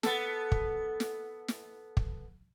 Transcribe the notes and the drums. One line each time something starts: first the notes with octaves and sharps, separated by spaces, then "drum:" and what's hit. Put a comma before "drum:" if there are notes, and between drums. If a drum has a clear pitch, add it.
B3 A4, drum: snare
drum: kick
drum: snare
drum: snare
drum: kick